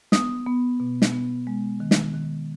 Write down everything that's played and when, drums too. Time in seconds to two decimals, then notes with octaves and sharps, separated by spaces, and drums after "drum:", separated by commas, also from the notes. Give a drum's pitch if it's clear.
0.12 B3 D#6, drum: snare
0.46 B3
0.80 B2
1.02 drum: snare
1.13 B3
1.47 G#3
1.80 D#3
1.91 drum: snare
2.14 D#3